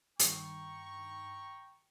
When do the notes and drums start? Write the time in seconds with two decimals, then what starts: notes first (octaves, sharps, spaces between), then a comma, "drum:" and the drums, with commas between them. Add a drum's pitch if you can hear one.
0.19 G2 D#3 G5 A#5 C#6, drum: hi-hat